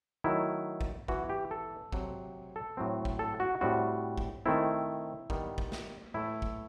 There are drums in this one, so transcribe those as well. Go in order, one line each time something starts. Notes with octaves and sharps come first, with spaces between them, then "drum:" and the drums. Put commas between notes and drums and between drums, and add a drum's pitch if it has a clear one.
D#3 F#3 A3 E4
drum: kick
E3 B3 F#4, drum: kick
G4
A4
C3 F#3 C4, drum: kick
A4
A2 F#3 C4
drum: kick
A4
F#4
A2 G3 C4 F#4
drum: kick
D#3 A3 C4 E4
D#3 G3 B3, drum: kick
drum: kick
drum: snare
A2 E3 A3 E4
drum: kick